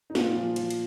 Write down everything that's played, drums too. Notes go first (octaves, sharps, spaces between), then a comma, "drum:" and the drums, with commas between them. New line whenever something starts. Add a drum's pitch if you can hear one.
D#4
A#2 F4, drum: snare
F3
F3, drum: cymbal
drum: cymbal